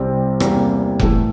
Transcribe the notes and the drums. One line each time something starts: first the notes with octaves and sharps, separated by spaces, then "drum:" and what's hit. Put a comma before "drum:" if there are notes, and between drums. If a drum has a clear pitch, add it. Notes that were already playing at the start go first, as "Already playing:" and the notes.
Already playing: C2 C3 G3 C4
E2 C3 G3 A#3, drum: rim click
A2 E3 A3, drum: kick F1